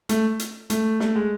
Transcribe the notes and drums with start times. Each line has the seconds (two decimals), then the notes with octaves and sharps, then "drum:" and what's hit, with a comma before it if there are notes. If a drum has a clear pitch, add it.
0.09 A3, drum: hi-hat
0.39 drum: hi-hat
0.70 A3, drum: hi-hat
1.00 A3, drum: snare
1.15 G#3